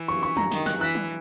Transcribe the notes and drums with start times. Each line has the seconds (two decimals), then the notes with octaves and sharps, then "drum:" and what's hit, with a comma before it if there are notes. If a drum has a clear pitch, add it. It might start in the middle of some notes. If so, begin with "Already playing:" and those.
Already playing: E3
0.08 C#6
0.23 C#6
0.37 A#5, drum: tom F#3
0.51 D#3, drum: snare
0.66 F#6, drum: snare
0.81 E3 F#6
0.95 drum: tom F#3